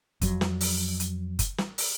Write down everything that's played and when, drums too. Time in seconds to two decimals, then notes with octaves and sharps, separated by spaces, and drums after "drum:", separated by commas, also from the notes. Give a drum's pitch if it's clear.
0.21 F2 F#3, drum: kick F#1, hi-hat
0.41 drum: snare
0.61 drum: open hi-hat
1.00 drum: hi-hat
1.39 drum: kick F#1, hi-hat
1.58 drum: snare
1.78 drum: open hi-hat